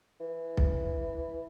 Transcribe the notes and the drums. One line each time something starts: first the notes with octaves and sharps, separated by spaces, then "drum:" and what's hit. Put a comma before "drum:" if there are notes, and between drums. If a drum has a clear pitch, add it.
E3
drum: kick B1